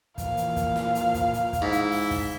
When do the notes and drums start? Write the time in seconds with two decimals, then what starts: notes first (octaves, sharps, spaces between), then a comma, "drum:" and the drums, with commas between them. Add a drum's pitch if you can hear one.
0.18 A#2 E3 F3 F5, drum: kick, hi-hat
0.37 drum: hi-hat
0.56 drum: kick, hi-hat
0.76 drum: snare
0.95 drum: hi-hat
1.14 drum: kick, hi-hat
1.34 drum: hi-hat
1.53 drum: kick, hi-hat
1.62 G#2 E4
1.72 drum: hi-hat
1.91 drum: open hi-hat
2.11 drum: kick, open hi-hat